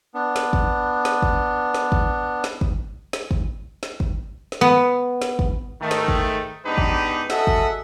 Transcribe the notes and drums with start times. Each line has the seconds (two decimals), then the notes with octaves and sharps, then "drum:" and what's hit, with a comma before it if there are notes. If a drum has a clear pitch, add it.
0.14 B3 D4
0.36 drum: snare
0.53 drum: kick
1.05 drum: snare
1.22 drum: kick
1.74 drum: snare
1.92 drum: kick
2.44 drum: snare
2.61 drum: kick
3.13 drum: snare
3.31 drum: kick
3.83 drum: snare
4.00 drum: kick
4.52 drum: snare
4.61 B3
5.22 drum: snare
5.39 drum: kick
5.81 G#2 D#3 A3
5.91 drum: snare
6.08 drum: kick
6.65 G#2 B3 D4 D#4 G4 B4
6.78 drum: kick
7.30 F#4 G#4 A4 D#5 E5 F#5, drum: snare
7.47 drum: kick